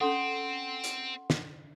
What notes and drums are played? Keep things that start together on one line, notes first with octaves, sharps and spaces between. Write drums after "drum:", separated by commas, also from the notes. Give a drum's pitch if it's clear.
C4 C#4 A4 F#5 C6
drum: hi-hat
drum: snare